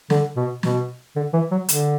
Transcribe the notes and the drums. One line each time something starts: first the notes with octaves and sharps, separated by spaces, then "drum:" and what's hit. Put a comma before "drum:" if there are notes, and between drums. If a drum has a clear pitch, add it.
D3, drum: snare
B2
B2, drum: snare
D3
E3
F#3
D3, drum: hi-hat